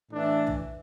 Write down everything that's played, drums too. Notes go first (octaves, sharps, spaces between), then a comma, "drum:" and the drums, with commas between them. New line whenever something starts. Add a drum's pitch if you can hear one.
A2 E3 A3 D4
drum: tom